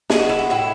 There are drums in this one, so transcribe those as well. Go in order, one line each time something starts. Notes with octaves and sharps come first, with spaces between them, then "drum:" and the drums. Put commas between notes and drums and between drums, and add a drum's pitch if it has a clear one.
G#3 G#4, drum: snare
F#4
E4
F#4
A2 E4